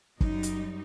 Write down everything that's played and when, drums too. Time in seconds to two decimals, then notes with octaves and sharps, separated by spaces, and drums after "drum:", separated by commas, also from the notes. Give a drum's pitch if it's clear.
0.21 F#2 G3 D#4, drum: kick F#1
0.43 drum: hi-hat